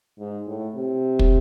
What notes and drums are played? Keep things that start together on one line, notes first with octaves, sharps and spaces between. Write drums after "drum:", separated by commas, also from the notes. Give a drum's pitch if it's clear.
G#2
A2
C3
drum: kick